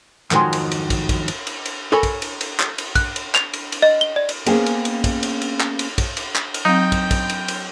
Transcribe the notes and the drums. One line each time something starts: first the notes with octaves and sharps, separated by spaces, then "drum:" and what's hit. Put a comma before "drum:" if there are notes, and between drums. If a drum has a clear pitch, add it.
F2 G#2 D#3 F#3 G#5 C6, drum: clap
drum: cymbal
drum: cymbal
drum: kick, cymbal
drum: kick, cymbal
drum: cymbal
drum: cymbal
drum: cymbal
A4 A#4 C#5 G#5 B5
drum: kick, cymbal
drum: cymbal
drum: cymbal
drum: clap
drum: cymbal
F#6, drum: kick, cymbal
drum: cymbal
F7, drum: clap
drum: cymbal
drum: cymbal
D#5
G7
D5
drum: cymbal
A#3 B3 C#4 G#4 C5 G5, drum: cymbal
drum: cymbal
drum: cymbal
drum: kick, cymbal
drum: cymbal
drum: cymbal
drum: clap
drum: cymbal
drum: kick, cymbal
drum: cymbal
drum: clap
drum: cymbal
F#3 C4 D#4 G5
drum: kick, cymbal
drum: kick, cymbal
drum: cymbal
drum: cymbal